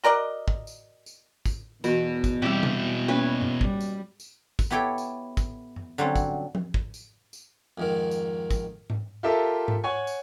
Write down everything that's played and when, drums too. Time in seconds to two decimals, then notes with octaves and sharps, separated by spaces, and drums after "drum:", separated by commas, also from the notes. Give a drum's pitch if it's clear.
0.04 F#4 A#4 D5 D#5
0.48 drum: kick
0.67 drum: tambourine
1.06 drum: tambourine
1.46 drum: kick, tambourine
1.84 E2 B2 E3 F#4, drum: tambourine
2.24 drum: kick, tambourine
2.42 B2 G3 C4 E4 G4 F5
2.63 drum: tom C3
3.08 A#3 C#4 B4 C#5 G#5
3.41 drum: tom F#2
3.61 G3, drum: kick
3.81 drum: tambourine
4.20 drum: tambourine
4.59 drum: kick, tambourine
4.70 B3 E4 G4 A4 C#5 G5
4.98 drum: tambourine
5.37 drum: kick, tambourine
5.76 drum: tom F#2
5.98 D3 F#3 G3 C4 C#4
6.16 drum: kick, tambourine
6.55 drum: tom F3
6.74 drum: kick
6.94 drum: tambourine
7.33 drum: tambourine
7.78 F2 G#2 D#3
8.11 drum: tambourine
8.51 drum: kick, tambourine
8.90 drum: tom G#2
9.23 F4 G4 A4 A#4 E5 A5
9.68 drum: tom G#2
9.84 C#5 F#5 G#5 C#6
10.07 drum: tambourine